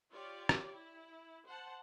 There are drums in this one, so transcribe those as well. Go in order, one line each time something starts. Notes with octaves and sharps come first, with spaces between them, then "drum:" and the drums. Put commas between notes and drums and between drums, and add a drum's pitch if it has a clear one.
F4 G4 C#5 D5
drum: rim click
E4
C5 F#5 A5